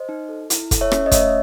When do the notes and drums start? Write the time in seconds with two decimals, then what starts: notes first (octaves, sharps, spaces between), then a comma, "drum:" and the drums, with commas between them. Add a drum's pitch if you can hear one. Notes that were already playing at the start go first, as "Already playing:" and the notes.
Already playing: C5 D#5
0.09 D#4
0.29 A4
0.50 E4, drum: hi-hat
0.71 A4, drum: kick, hi-hat
0.81 C#5 E5
0.92 C#4, drum: rim click
1.06 D#5
1.11 A3 C#5 E5, drum: kick, hi-hat